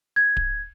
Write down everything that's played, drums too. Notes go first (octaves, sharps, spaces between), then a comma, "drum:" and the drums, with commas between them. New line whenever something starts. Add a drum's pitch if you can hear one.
G#6
drum: kick D1